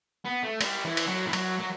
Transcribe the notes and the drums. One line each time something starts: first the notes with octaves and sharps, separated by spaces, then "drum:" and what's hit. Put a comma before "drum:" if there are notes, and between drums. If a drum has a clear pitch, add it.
B3
A3
G3, drum: cymbal
E3
drum: cymbal
F#3
E3
F#3, drum: cymbal
F#3